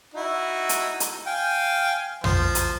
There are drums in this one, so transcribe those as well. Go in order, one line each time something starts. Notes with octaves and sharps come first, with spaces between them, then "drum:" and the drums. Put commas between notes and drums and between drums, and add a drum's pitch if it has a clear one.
D#4 E4 F#4
drum: hi-hat
drum: hi-hat
F5 G5 G#5
F3 C5, drum: tom
drum: hi-hat